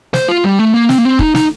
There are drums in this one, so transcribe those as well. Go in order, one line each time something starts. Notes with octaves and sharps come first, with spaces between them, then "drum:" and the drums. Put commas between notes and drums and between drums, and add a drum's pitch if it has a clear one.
C5, drum: snare
F4
G3
A3
A#3
C4, drum: snare
A#3
C4
D#4, drum: kick
D#4, drum: snare